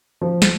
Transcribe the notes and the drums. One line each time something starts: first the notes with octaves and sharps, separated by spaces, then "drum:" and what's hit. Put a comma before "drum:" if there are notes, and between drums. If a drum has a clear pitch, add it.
F3
drum: snare